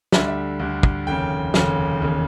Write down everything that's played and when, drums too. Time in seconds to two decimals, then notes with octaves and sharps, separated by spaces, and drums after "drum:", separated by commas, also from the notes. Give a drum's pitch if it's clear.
0.12 D2 D3 G3 E5, drum: snare
0.28 E5
0.59 D2 D3 G3
0.83 drum: kick
1.07 F1 D#2 C#3 G5
1.54 F1 D#2 C#3, drum: snare
2.01 E1 D#2 C#3